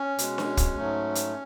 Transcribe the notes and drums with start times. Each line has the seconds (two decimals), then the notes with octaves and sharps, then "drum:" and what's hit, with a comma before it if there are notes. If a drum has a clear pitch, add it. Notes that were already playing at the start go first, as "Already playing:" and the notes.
Already playing: C#4
0.18 B2 G#3, drum: hi-hat
0.38 drum: snare D4
0.57 drum: kick, hi-hat
0.77 G#2 F#3 A3
1.15 drum: hi-hat